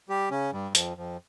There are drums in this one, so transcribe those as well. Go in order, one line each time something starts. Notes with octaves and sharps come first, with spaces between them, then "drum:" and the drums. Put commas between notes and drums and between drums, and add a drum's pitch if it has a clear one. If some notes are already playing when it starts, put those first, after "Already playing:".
G3 G4
C#3 C#4
G2 G3
F2 F3, drum: hi-hat
F2 F3